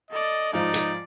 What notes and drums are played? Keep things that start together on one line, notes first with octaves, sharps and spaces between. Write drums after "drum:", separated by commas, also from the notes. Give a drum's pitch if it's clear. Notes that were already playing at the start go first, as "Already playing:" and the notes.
A4 D5 D#5
G#2 F3 D#4 D5
drum: hi-hat